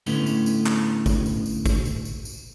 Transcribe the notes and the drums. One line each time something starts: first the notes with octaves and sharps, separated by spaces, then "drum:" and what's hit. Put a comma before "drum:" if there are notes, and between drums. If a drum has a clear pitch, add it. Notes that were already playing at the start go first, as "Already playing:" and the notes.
A2 D3 A3 B3 C#4 E4, drum: tambourine
drum: tambourine
drum: tambourine
drum: clap
drum: kick, tambourine
drum: tambourine
drum: tambourine
drum: kick, tambourine
drum: tambourine
drum: tambourine
drum: tambourine